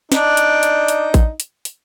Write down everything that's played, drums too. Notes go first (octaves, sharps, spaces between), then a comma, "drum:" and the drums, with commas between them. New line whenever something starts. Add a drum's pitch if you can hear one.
D4 D#4, drum: snare
drum: hi-hat
drum: hi-hat
drum: hi-hat
drum: kick A1, hi-hat
drum: hi-hat
drum: hi-hat